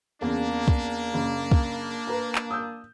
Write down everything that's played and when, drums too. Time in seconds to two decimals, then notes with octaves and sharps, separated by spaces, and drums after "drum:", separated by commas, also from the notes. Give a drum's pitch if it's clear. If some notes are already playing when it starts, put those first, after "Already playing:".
0.22 E2 C#3 A#3 D4
0.68 drum: kick
1.14 F#1
1.51 drum: kick
2.07 B4 A#5
2.35 drum: clap
2.51 D#6 E6 G6